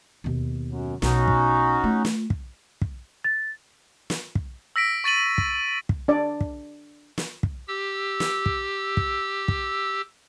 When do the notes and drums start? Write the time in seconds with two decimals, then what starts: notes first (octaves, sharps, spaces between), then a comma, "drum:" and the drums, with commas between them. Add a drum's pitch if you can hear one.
0.24 D#2 B2
0.67 F#2
1.02 B1 C#4 D#4 F#4, drum: snare
1.28 drum: kick
1.84 A3 F4
2.05 drum: snare
2.30 drum: kick
2.82 drum: kick
3.24 A6
4.10 drum: snare
4.35 drum: kick
4.76 E6 A#6 B6 D7
5.04 C#6 A6 D#7 F#7
5.38 drum: kick
5.89 drum: kick
6.08 D4 D5
6.41 drum: kick
7.18 drum: snare
7.43 drum: kick
7.68 G4 E6
8.20 drum: snare
8.46 drum: kick
8.97 drum: kick
9.48 drum: kick